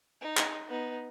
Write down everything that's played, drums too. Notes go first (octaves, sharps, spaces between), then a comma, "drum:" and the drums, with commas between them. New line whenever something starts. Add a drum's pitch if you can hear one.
D#4
drum: clap
B3 D#4